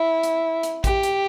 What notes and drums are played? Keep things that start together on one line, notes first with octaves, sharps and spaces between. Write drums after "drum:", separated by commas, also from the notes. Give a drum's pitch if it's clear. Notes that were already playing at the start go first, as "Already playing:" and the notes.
Already playing: E4
drum: hi-hat
drum: hi-hat
G4, drum: kick A1, hi-hat
drum: hi-hat